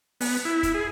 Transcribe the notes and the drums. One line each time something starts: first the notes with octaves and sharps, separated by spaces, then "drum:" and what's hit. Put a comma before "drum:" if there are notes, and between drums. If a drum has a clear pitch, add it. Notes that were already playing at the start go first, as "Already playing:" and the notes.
B3, drum: open hi-hat
E4
drum: kick, hi-hat
G#4